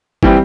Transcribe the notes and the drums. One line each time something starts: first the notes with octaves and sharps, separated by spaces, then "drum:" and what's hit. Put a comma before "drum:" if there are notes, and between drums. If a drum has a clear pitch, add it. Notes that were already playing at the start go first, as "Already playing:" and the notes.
E3 G3 C4 G4, drum: kick